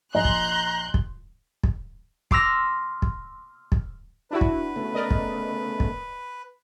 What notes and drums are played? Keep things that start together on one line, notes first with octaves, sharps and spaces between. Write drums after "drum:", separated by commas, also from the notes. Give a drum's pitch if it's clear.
A#1 D#5 G#5 A#5 C6 F#6 G6
drum: kick
drum: kick
drum: kick
C6 D6 E6 F6 A#6, drum: kick
drum: kick
drum: kick
D4 E4 F#4 B4
drum: kick
C#3 A3 B3
A#4 D5 D#5
drum: kick
drum: kick